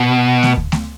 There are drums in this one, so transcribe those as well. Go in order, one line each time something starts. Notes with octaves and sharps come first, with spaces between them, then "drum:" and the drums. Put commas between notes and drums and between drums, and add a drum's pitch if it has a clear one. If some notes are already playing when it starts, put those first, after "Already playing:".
Already playing: B2
drum: snare A3
drum: kick D2
drum: snare A3